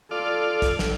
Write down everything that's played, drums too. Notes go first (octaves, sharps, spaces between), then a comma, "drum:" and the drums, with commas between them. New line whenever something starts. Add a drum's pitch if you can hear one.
F4 A4 D5
drum: kick, hi-hat
drum: snare